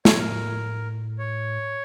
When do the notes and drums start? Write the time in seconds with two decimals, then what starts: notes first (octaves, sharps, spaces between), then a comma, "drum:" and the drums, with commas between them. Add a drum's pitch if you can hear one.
0.05 C#5, drum: snare
0.18 A2 A#4
1.18 C#5